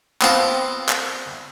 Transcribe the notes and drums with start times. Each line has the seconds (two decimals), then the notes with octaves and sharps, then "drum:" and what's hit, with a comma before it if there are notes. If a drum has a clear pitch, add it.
0.22 B3 C4 F4 A5 A#5, drum: clap
0.89 drum: clap